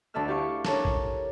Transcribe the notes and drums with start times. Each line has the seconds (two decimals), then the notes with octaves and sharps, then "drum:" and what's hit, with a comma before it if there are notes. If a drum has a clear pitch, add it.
0.14 D2 D3 A4 D5 E5 F6
0.28 E4 G4 E5 F5 C#6
0.65 D4 A4 A#4 C#5, drum: snare
0.85 drum: kick